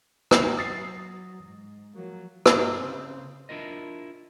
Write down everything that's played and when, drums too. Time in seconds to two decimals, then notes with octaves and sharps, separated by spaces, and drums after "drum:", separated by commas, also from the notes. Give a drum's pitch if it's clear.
0.31 drum: rim click
0.57 F#3 D#6 A6 C7
1.43 G#2
1.94 F3 F#3 A#3
2.46 G2, drum: rim click
2.78 C#3 C4
3.49 D4 E4 F4 A#4 D#5